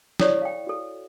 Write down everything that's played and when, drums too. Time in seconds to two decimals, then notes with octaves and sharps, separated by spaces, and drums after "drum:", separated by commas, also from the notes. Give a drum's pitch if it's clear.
0.20 E4 A4 C#5 D5 C#6, drum: snare
0.42 F5 G5
0.67 F#4 A4